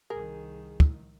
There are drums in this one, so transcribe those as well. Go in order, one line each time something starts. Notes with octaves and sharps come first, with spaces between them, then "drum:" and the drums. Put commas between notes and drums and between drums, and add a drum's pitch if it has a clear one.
C2 D#3 G#4 A#4
drum: kick